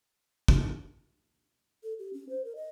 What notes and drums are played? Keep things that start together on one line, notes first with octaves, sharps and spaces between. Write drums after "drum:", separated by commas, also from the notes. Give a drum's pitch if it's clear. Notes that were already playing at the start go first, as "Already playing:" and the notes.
drum: kick
A4
G4
C#4
C5
A#4
D#5